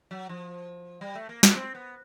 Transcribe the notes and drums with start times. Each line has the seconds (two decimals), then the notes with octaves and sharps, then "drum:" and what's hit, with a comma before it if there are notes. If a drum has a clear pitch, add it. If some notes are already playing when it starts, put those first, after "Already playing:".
0.11 F#3
0.29 F3
1.01 G3
1.15 A3
1.29 A#3
1.43 B3, drum: snare
1.56 C4
1.75 B3